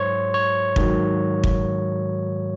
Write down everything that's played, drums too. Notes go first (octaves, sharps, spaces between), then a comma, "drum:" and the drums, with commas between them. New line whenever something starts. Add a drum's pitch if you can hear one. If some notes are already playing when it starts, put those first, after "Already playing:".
Already playing: G#2 F#3 C5 C#5
C#5
G#2 D#3 F#3, drum: kick
drum: kick